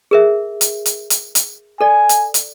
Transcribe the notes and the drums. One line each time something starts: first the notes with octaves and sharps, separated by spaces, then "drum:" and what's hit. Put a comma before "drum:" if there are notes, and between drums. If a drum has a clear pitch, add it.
G#4 A#4 E5
drum: hi-hat
drum: hi-hat
drum: hi-hat
drum: hi-hat
A4 D5 G#5
drum: hi-hat
drum: hi-hat